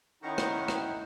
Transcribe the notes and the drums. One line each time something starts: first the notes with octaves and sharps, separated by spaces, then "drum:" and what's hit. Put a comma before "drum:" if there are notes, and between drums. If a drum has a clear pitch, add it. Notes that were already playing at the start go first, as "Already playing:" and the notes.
D#3 C#4 D#4 E4 F#5 G5
drum: rim click
drum: rim click